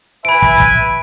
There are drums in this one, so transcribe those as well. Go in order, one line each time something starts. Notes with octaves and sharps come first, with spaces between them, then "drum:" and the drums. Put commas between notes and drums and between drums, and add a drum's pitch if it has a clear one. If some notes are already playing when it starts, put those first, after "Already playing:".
B4 E5 G#5 B5 D7
drum: kick
drum: kick